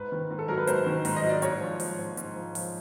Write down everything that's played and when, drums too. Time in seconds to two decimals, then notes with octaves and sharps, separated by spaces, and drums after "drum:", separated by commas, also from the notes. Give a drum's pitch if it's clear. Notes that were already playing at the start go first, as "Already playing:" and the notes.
Already playing: G#2 B4
0.12 D#3
0.30 G#2
0.39 A4
0.48 F#3 A#4
0.58 B4
0.67 G#2 C5, drum: hi-hat
0.86 D#3
1.05 G#2, drum: open hi-hat
1.16 D#5
1.24 F#3
1.29 D5
1.42 G#2 C#5, drum: hi-hat
1.61 F3
1.80 F3, drum: open hi-hat
1.99 G#2
2.17 G#2, drum: hi-hat
2.36 F3
2.55 F3, drum: open hi-hat